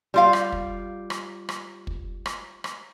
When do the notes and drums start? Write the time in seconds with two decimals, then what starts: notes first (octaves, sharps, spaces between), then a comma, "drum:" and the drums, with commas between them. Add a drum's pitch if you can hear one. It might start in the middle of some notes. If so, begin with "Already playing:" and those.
0.14 G3 F4 F5
0.33 drum: rim click
0.52 drum: kick
1.10 drum: rim click
1.49 drum: rim click
1.87 drum: kick
2.26 drum: rim click
2.64 drum: rim click